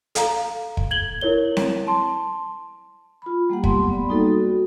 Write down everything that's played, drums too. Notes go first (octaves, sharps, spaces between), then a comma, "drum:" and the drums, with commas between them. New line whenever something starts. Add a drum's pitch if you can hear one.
A4 F5 A#5, drum: hi-hat
drum: kick
G#6 F#7 G7
E4 A#4 C#5 G7
drum: snare C4
A5 C6
F4 B5
G3 A#3 G4 F#5
F#3 A3 B3 C6, drum: kick
B3 D5 B5
G3 A#3 D#4 F#4 A4
F#4